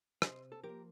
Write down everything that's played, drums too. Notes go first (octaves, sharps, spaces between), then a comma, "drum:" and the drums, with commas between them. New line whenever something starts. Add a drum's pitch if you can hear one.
C3 C5 D#5, drum: rim click
A4
F3 G4 A#4
A#3